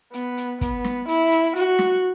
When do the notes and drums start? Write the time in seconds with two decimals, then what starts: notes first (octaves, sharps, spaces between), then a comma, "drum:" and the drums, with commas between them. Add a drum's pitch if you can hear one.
0.14 B3, drum: hi-hat
0.37 drum: hi-hat
0.61 B3, drum: kick, hi-hat
0.85 drum: snare
1.08 E4, drum: hi-hat
1.32 drum: hi-hat
1.56 F#4, drum: hi-hat
1.79 drum: snare